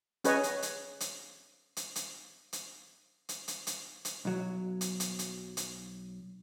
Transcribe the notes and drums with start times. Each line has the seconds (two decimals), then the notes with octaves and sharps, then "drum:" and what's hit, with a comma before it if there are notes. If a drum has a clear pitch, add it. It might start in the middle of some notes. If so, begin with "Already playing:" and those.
0.24 C#4 G#4 B4 C#5 D#5, drum: hi-hat
0.43 drum: hi-hat
0.62 drum: hi-hat
1.00 drum: hi-hat
1.77 drum: hi-hat
1.96 drum: hi-hat
2.53 drum: hi-hat
3.29 drum: hi-hat
3.48 drum: hi-hat
3.67 drum: hi-hat
4.05 drum: hi-hat
4.25 B1 F#3
4.81 drum: hi-hat
5.00 drum: hi-hat
5.19 drum: hi-hat
5.57 drum: hi-hat